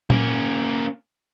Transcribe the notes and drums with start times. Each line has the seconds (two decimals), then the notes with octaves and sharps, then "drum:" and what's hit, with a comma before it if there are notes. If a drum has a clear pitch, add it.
0.10 A#3 C#4, drum: tom A#2